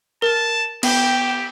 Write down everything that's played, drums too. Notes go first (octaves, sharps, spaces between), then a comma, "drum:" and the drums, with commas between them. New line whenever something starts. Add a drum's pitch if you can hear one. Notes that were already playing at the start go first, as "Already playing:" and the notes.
A#4 A5
B3 G4 G5, drum: cymbal